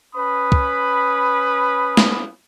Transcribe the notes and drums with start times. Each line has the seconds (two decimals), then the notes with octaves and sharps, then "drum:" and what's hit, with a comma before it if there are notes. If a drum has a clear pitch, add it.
0.15 C#4 B4 B5 D#6
0.52 drum: kick
1.97 drum: snare